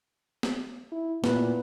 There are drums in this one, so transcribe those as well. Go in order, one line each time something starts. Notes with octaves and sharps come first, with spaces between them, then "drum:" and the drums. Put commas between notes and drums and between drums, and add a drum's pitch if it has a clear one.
drum: snare
E4
A#2 B3 E4 B4, drum: snare